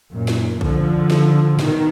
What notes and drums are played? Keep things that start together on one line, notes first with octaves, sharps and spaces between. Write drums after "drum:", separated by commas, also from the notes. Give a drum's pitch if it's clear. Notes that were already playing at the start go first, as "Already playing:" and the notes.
F#2 A#2
drum: snare D#4
D3 F3, drum: kick
drum: snare D#4
B2 D#3, drum: snare D#4